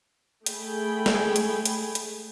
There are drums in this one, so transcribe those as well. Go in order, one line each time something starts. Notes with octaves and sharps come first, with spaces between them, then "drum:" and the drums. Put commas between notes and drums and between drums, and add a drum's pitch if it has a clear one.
A3 G#4 G5 B5, drum: hi-hat
drum: snare
drum: hi-hat
drum: hi-hat
drum: hi-hat